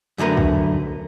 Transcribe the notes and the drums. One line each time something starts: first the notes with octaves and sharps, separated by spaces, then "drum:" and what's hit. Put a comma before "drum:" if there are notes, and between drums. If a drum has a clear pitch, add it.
F#2 D3 A3 A#4 B4
drum: kick